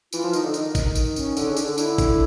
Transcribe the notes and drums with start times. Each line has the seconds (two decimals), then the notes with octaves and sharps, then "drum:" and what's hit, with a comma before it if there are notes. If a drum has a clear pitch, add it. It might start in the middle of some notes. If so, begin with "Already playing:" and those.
0.13 E3 F4, drum: tambourine
0.24 F3
0.33 D#3 D#4, drum: tambourine
0.45 D3
0.54 D#3, drum: tambourine
0.75 drum: kick, tambourine
0.95 drum: tambourine
1.16 C#4, drum: tambourine
1.37 D3 C#4, drum: tambourine
1.50 C#3
1.57 D#3 D4, drum: tambourine
1.64 D3
1.78 D3 E4, drum: tambourine
1.98 drum: kick, tambourine